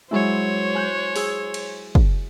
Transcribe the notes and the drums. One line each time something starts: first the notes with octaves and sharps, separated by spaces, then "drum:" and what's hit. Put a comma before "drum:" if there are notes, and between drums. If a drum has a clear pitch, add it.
F#3 G#3 E4 C5 C#5
G#5 F#6 G6
G#4 E6, drum: open hi-hat
drum: cymbal
drum: kick